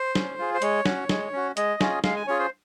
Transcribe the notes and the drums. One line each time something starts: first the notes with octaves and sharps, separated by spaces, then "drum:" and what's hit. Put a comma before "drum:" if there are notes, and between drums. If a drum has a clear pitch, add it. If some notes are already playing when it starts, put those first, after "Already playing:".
Already playing: C5
C#4, drum: snare
F4 G#4
C5
G#3 C#5, drum: hi-hat
C#4 F#4, drum: snare
G#3, drum: snare
C#4 F#4
G#3 D#5, drum: hi-hat
C#4 F4 G#4, drum: snare
G#3 F5, drum: snare
G#5
C#4 F4 G#4 C#5
C5